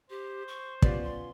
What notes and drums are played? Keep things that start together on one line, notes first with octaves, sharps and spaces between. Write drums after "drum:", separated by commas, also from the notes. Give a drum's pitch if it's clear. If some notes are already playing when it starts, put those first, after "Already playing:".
G4 C5
C#6
B3 C#4 F4 G4 D5, drum: kick
C6